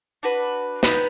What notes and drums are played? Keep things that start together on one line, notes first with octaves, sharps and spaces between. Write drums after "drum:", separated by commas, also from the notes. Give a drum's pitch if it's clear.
D4 F#4 B4
B3 D#4 G4 B4, drum: snare